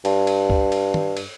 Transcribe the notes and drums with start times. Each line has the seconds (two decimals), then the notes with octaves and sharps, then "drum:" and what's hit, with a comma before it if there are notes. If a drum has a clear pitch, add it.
0.05 G2, drum: cymbal
0.27 drum: cymbal
0.50 drum: kick
0.72 drum: cymbal
0.94 drum: tom
1.17 drum: cymbal